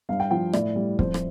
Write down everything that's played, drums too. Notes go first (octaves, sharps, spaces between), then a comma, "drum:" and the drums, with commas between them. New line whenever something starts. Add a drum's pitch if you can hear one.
G2 F5
G5
F3 G5
A2 D5, drum: rim click
G3
F2 C5, drum: kick
drum: rim click